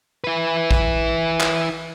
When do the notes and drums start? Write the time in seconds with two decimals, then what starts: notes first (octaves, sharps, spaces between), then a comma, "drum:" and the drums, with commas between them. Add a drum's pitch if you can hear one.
0.24 E4 B4
0.71 drum: kick A#1
1.40 drum: clap